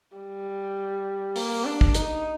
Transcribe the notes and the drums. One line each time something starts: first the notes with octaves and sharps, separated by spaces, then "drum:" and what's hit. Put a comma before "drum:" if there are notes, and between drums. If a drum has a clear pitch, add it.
G3
A#3, drum: open hi-hat
D4
drum: kick
D#4, drum: hi-hat